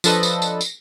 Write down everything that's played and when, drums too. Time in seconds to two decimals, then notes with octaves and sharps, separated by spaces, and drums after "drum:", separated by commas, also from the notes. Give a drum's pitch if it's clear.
0.04 F3 D4 A4 B4 D#5, drum: tambourine
0.23 drum: tambourine
0.42 drum: tambourine
0.61 drum: tambourine